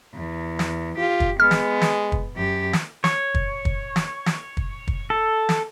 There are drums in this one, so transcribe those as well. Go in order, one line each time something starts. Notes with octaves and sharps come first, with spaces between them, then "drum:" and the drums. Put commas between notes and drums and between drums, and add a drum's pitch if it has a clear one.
E2
drum: snare
F4 G4
drum: kick
G#3 B3 F6
drum: snare
drum: snare
drum: kick
F#2 G4
drum: snare
C#5, drum: snare
drum: kick
drum: kick
drum: snare
drum: snare
drum: kick
drum: kick
A4
drum: snare